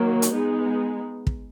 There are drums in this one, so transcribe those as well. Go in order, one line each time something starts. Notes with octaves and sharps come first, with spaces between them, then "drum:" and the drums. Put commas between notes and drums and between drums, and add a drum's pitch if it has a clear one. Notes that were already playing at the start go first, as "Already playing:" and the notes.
Already playing: D#3 F#3 A#3
drum: hi-hat
G#3 B3 D#4
drum: kick